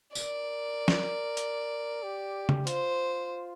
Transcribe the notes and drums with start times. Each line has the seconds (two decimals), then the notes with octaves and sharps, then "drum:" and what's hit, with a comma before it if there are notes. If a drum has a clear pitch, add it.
0.15 A#4 D5, drum: tambourine
0.88 drum: snare
1.37 drum: hi-hat
2.03 G4
2.49 drum: tom C#3
2.67 F4 C5, drum: hi-hat